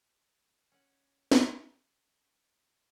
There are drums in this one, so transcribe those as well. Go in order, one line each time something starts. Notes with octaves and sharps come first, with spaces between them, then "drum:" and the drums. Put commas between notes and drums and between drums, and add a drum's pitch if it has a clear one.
C#4 F#5
drum: snare